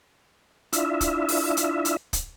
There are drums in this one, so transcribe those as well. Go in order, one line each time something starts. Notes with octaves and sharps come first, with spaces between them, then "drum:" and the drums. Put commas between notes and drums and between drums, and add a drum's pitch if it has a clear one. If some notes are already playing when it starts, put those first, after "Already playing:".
D4 E4 F4 E5, drum: hi-hat
drum: kick, hi-hat
drum: open hi-hat
drum: hi-hat
drum: hi-hat
drum: kick, hi-hat